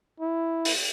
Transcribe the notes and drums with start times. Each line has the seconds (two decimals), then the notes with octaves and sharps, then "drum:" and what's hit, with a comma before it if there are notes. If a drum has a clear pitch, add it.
0.20 E4
0.65 drum: open hi-hat